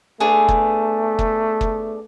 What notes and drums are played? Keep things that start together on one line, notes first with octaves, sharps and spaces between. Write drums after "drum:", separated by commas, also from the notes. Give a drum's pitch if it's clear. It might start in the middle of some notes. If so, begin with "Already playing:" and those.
A3 B3 D4 G#4
drum: kick
drum: kick
drum: kick